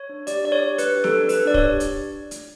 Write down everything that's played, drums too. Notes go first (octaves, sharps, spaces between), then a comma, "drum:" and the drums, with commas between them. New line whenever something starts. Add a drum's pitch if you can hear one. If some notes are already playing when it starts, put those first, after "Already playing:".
Already playing: C#5
D4
G4 D5, drum: hi-hat
D4 D5
C#5
G4
D4 B4, drum: hi-hat
G4
A4, drum: snare
D4
G4 B4, drum: open hi-hat
D4 D5
C#5, drum: kick
G4
drum: hi-hat
drum: hi-hat